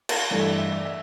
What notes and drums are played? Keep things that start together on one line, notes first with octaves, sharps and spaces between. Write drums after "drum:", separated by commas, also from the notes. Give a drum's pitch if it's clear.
drum: cymbal
G2 E3 A3 D5
E5
D5
E5
D5
E5